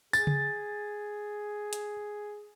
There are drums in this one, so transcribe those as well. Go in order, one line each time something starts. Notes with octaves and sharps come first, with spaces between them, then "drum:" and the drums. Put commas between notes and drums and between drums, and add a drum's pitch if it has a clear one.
G#4 A6, drum: tambourine
drum: tom C#3
drum: hi-hat